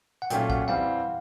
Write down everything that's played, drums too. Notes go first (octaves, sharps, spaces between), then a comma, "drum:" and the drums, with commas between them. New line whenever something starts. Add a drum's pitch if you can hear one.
F#5
A#2 F#3 A3 C#4 F4 G5, drum: hi-hat
F#5, drum: kick
E3 G3 C4 F5